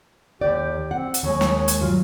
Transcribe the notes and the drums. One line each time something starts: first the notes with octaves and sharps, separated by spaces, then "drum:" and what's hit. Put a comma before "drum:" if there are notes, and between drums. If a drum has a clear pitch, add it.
D#2 G4 D5
C4 F#5
drum: hi-hat
D#2 G#3 C#5
drum: snare
drum: hi-hat
G2 F#3 F4